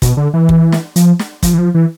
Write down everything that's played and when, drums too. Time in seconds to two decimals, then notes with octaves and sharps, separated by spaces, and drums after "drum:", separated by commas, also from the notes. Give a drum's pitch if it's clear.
0.02 B2, drum: kick, hi-hat
0.17 D3
0.34 E3
0.49 drum: kick
0.72 drum: snare
0.96 F3, drum: hi-hat
1.19 drum: snare
1.43 F3, drum: kick, hi-hat
1.54 E3
1.58 F3
1.74 E3